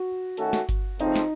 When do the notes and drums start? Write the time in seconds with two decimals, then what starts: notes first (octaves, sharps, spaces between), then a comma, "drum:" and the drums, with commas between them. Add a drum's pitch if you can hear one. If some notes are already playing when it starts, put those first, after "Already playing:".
Already playing: F#4
0.37 D#3 A3 C#4 F#4 A4, drum: hi-hat
0.53 drum: snare
0.69 drum: kick G1, hi-hat
1.00 C#3 F3 A3 C4 D#4, drum: hi-hat
1.16 drum: snare